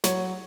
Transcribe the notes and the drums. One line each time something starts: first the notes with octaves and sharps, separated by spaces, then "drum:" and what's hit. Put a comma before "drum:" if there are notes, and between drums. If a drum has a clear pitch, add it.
F#3 C#5, drum: snare